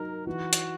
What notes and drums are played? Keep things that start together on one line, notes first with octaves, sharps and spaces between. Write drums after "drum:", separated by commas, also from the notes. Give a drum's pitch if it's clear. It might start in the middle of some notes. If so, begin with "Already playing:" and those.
Already playing: F#3 D#4 A#4
E3 F#4
drum: hi-hat